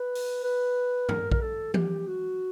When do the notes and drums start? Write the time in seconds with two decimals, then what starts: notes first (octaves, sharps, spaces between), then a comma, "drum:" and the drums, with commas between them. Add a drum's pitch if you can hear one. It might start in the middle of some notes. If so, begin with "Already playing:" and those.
Already playing: B4
0.15 drum: open hi-hat
0.44 B4
1.09 A#4, drum: tom
1.32 A#4, drum: kick A#1
1.41 A4
1.74 G4, drum: tom E3
2.07 F#4